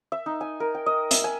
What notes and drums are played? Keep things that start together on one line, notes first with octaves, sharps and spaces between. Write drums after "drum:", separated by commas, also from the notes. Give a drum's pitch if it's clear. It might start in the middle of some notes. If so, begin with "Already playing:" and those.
E5
D#4
G#5
A#4
G5
D#5
E5, drum: hi-hat
G#5